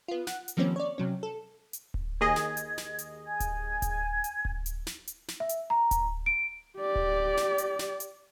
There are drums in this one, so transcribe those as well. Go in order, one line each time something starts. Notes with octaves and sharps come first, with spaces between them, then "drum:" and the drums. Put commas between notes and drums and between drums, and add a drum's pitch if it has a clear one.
B3 F4
F#5, drum: snare
drum: hi-hat
D#3 F3 G3 A#3 C4 C#4
C#5 D5
C3 F#3 C#4
A4
drum: hi-hat
drum: kick D1
D#2 G#4 D#5 G#6
drum: snare
drum: hi-hat
drum: snare
drum: hi-hat
G#5 G#6
drum: kick D1, hi-hat
drum: kick D1, hi-hat
drum: hi-hat
drum: kick D1
drum: hi-hat
drum: snare
drum: hi-hat
drum: snare
E5
drum: hi-hat
A#5
drum: kick D1, hi-hat
D7
G4 D5
drum: kick D1
drum: snare
drum: hi-hat
drum: snare
drum: hi-hat